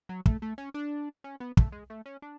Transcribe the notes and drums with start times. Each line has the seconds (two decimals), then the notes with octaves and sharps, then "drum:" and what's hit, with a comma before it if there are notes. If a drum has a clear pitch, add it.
0.09 F#3
0.26 A3, drum: kick
0.42 A3
0.58 C#4
0.74 D4
1.24 C#4
1.40 B3
1.57 A3, drum: kick
1.72 G#3
1.90 A3
2.06 C#4
2.22 D4